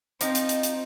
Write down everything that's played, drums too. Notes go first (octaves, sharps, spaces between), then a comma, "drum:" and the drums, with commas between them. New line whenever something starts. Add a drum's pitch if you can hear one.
F3 C4 D#4, drum: hi-hat
drum: hi-hat
drum: hi-hat
drum: hi-hat